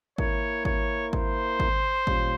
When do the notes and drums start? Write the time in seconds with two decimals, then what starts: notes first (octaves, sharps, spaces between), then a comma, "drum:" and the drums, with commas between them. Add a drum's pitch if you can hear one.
0.18 A#3 E4 A#4 C#5, drum: kick G#1
0.65 C#5, drum: kick G#1
1.13 C5, drum: kick G#1
1.60 drum: kick G#1
2.07 A#2 G3 C#4 F4, drum: kick G#1